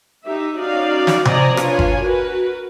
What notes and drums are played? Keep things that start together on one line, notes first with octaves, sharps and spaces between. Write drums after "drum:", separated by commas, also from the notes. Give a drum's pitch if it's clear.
D#4 G4 E5
C#4 D#4 F#4 D5 F5
drum: snare
F3 C4 D5 D#5 G#5 A#5, drum: tom C3
D4 F4 B4 C#5 G#5, drum: rim click
drum: kick G1
F#4 A#4 B4